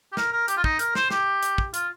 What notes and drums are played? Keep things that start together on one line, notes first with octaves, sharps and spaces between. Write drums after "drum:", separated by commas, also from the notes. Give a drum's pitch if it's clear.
G4
A#4, drum: snare
A#4
G4, drum: hi-hat
F4
D#4, drum: kick
A#4, drum: hi-hat
C5, drum: snare
G4, drum: snare
drum: hi-hat
drum: kick
F4, drum: hi-hat